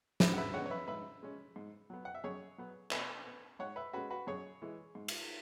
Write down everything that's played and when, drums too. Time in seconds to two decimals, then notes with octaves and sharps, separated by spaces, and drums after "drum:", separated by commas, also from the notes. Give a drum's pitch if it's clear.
0.20 G#2 B4 E5, drum: snare
0.33 F#5
0.38 B4 E5
0.54 G#3 B3 C#5 F#5
0.66 C#5
0.71 B4 E5
0.88 G#2 B4 E5
1.23 G#3 C#4
1.56 G#2
1.90 F#3 B3
2.05 F#5
2.15 E5
2.24 F#2 G#4 C#5
2.58 F#3 B3
2.91 B2 B4 E5, drum: clap
3.25 B3
3.59 G#2 C#5 F#5
3.76 B4 E5
3.93 G#3 C#4 F#4 B4
4.10 F#4 B4
4.27 F#2 G#4 C#5
4.62 E3 G#3
4.95 G#2
5.08 drum: cymbal